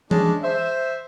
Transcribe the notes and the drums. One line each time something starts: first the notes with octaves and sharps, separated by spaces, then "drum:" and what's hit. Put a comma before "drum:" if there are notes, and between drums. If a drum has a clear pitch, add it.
G#3 C#4 D4, drum: tom E3
C5 E5